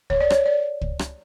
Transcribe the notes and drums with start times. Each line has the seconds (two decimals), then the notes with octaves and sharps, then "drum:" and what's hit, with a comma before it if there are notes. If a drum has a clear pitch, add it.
0.10 C#5, drum: kick
0.20 D5
0.30 C#5, drum: rim click
0.46 D5
0.81 drum: kick
0.99 drum: rim click